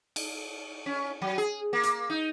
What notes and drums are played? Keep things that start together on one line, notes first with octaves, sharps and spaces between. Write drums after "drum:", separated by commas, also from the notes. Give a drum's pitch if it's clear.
drum: cymbal
C#4
F#3
G#4
A#3
drum: hi-hat
D#4